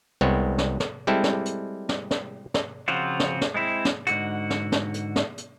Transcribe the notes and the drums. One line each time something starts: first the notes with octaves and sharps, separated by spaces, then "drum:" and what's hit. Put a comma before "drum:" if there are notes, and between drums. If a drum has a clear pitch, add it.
C2 G#3 B3 C4 C#5
drum: snare
drum: snare
G3 G#3 C4 E4 A4
drum: snare
drum: hi-hat
drum: snare
drum: snare
drum: snare
C#3 F3 C4 F4 F#4
drum: snare
drum: snare
G#3 C4 E4
drum: snare
G#2 D3 F#4, drum: hi-hat
drum: snare
drum: snare
drum: hi-hat
drum: snare
drum: hi-hat